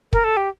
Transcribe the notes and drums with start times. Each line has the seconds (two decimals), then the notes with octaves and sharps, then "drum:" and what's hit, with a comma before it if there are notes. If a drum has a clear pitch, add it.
0.13 A#4, drum: kick
0.24 A4
0.37 G4